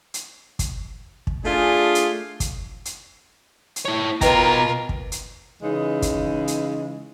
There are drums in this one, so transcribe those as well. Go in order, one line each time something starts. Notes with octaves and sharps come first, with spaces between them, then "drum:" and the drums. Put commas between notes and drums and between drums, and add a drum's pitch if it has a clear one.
drum: hi-hat
drum: kick, hi-hat
drum: kick
A3 D4 F4 G#4
drum: hi-hat
drum: kick, hi-hat
drum: hi-hat
drum: hi-hat
E4 C#5
B2 F4 A#4 B4 D#5 G5 A#5, drum: kick, hi-hat
drum: kick
drum: hi-hat
C#3 E3 G#3 C#4 D#4
drum: kick, hi-hat
drum: hi-hat